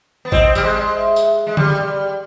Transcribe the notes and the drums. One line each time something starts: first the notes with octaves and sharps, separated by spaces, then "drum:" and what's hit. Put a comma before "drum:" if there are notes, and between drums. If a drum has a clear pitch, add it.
B3
C4 D#5, drum: kick
G3, drum: tambourine
G#3
E5
drum: tambourine
G#3
G3, drum: tom D3